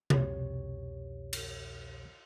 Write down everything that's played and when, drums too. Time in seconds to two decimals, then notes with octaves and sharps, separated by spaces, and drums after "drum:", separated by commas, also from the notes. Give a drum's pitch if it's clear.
0.10 C2 F2 B2 G4 C#5, drum: tom C3
1.33 drum: cymbal